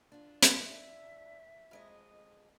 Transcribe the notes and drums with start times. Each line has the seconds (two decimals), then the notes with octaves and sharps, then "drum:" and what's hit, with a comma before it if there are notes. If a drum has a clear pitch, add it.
0.12 D4 F4
0.43 F5, drum: hi-hat
0.64 E5
1.71 F2 G#3 D#5